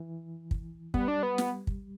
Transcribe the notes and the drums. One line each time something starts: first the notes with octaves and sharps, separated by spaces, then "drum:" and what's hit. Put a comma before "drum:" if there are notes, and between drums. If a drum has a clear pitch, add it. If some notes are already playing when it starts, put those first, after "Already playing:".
Already playing: E3
drum: kick
G3 B3, drum: kick
D4
B3
drum: snare
drum: kick